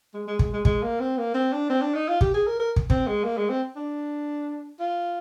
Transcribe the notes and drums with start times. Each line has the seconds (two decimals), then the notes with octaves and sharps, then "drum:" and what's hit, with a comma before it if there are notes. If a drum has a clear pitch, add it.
0.13 G#3
0.27 G#3
0.39 G#3, drum: kick
0.53 G#3
0.65 G#3, drum: kick
0.83 A#3
1.00 C4
1.17 A#3
1.34 C4
1.52 D4
1.69 C4
1.81 D4
1.94 D#4
2.08 F4
2.21 G4, drum: kick
2.34 G#4
2.46 A#4
2.59 A#4
2.76 drum: kick
2.90 C4, drum: kick
3.07 G#3
3.24 A#3
3.37 G#3
3.49 C4
3.76 D4
4.79 F4